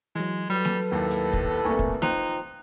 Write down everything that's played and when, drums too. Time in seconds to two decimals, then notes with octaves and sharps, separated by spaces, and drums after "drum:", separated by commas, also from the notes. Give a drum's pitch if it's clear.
0.15 E3 F#3 G#3
0.50 F#3 G3 A4 B4
0.65 drum: snare
0.92 D#2 A2
1.10 drum: hi-hat
1.33 drum: kick
1.65 C2 A3 A#3 G#5 C#6
1.79 drum: kick
2.02 D#4 F4 C5 G5 F#6, drum: snare